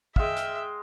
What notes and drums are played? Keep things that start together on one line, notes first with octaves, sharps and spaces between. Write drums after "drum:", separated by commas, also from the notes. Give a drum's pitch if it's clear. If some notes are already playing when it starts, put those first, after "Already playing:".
G#3 G#4 E5 F5 G5, drum: kick
drum: hi-hat